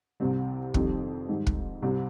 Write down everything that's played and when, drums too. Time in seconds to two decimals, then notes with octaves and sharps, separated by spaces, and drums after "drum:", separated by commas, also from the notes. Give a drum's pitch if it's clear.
0.20 C2 C3 G3 C4
0.74 F2 D#3 G3 C4, drum: kick
1.28 G#2 D#3 G3
1.47 drum: kick
1.82 C2 C3 G3 C4